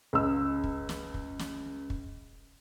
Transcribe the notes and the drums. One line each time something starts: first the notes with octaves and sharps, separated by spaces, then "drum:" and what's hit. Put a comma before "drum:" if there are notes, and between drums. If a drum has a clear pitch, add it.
C#2 E6
drum: kick
drum: snare
drum: kick
drum: snare
drum: kick